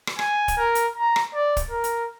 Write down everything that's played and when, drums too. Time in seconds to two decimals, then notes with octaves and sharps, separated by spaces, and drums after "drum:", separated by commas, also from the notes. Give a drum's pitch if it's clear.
0.07 drum: rim click
0.19 G#5, drum: rim click
0.48 drum: kick, hi-hat
0.57 A#4
0.75 drum: hi-hat
0.96 A#5
1.16 drum: rim click
1.34 D5
1.57 drum: kick, hi-hat
1.70 A#4
1.84 drum: hi-hat